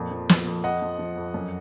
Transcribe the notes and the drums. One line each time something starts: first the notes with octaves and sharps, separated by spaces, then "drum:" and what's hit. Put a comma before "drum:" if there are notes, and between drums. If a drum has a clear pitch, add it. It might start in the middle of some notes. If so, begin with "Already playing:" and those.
Already playing: F2 A#2
F3
F3, drum: snare
F2
F2 D#5 F#5
F3
F3
F2
F#2